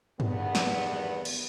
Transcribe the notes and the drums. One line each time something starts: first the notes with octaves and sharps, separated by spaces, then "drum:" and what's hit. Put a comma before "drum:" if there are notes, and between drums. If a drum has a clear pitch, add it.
E2 G2 D#3 B3, drum: tom G2
drum: snare
drum: cymbal